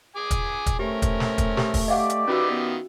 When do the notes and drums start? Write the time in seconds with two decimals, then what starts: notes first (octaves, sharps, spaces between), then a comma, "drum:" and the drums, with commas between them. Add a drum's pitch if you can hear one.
0.16 G#4 G#5 D6
0.31 drum: kick, hi-hat
0.66 drum: kick, hi-hat
0.79 A3 C4 C#4 G4 A#4
1.02 drum: kick, hi-hat
1.20 drum: snare
1.38 drum: kick, hi-hat
1.57 G4 A4, drum: snare
1.74 drum: kick, open hi-hat
1.88 G4 D5 D#5 F5 F#5
2.10 drum: hi-hat
2.27 D#3 C#4 F4 F#4 B4 E5 E6
2.50 B3